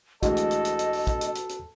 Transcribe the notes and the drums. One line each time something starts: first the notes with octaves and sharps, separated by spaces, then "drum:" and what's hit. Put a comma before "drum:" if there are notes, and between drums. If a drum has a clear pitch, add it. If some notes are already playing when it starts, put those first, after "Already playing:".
D2 E3 G#3 F#4 A4 D#5, drum: kick, hi-hat
drum: hi-hat
drum: hi-hat
drum: hi-hat
drum: hi-hat
drum: open hi-hat
drum: kick, hi-hat
drum: hi-hat
drum: hi-hat
drum: hi-hat